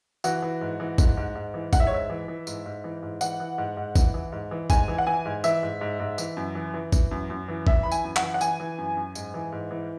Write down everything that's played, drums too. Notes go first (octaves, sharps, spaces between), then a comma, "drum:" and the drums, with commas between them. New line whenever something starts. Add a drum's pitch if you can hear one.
E3 F#4, drum: tambourine
E3
G#2
E3
G#2, drum: kick, tambourine
G#2
G#2
E3
G#2 F#5, drum: kick, tambourine
E5
C#5
G#2 E5
E3
E3
G#2, drum: tambourine
G#2
E3
G#2
E3 F#5, drum: tambourine
E3
G#2
G#2
E3, drum: kick, tambourine
E3
G#2
E3
G#2 G#5, drum: kick, tambourine
E3
F#5
E3 G#5
G#2
E3 E5, drum: tambourine
G#2
G#2
G#2
E3, drum: tambourine
F#2
E3
E3
E3, drum: kick, tambourine
F#2
F#2
E3
E3 E5, drum: kick
E3 B5
G#5, drum: tambourine
F#2
F#5, drum: clap
E3
F#5
E3 G#5, drum: tambourine
E3
F#2
F#2
G#2, drum: tambourine
E3
G#2
E3